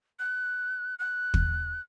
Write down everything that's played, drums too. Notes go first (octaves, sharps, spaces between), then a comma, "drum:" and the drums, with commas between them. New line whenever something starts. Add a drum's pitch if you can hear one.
F#6
F#6
drum: kick